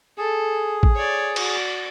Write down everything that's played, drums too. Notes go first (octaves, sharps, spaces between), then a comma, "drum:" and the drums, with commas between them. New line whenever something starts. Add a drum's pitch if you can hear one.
G#4 A4
drum: kick
C#5 D5
F#4 D5, drum: cymbal